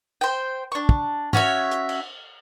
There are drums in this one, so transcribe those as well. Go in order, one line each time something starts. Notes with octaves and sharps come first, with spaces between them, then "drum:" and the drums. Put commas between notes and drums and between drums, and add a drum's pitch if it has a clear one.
C5 G5
D4 C#6
drum: kick
C#4 F#4 C#5 E5, drum: tom G#2
drum: hi-hat
drum: cymbal